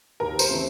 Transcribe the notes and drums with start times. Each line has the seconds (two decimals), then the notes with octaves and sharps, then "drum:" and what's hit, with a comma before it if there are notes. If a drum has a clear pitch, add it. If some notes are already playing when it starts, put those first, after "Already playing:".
0.20 D#2 A#4
0.39 C5, drum: tambourine
0.49 C#3 E3 A3 C4